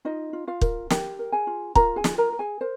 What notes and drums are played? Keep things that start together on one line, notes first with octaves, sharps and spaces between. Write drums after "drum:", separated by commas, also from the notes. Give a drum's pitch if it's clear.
D#4 F4 D#5
F4
F4 F5
A#4, drum: kick
G4 A#4 G5, drum: snare
A#4
G#4 G#5
F4
F4 A#4 A#5, drum: kick
G#4 G#5
F4, drum: snare
A#4 A#5
A#4
G#4 G#5
A#4 C5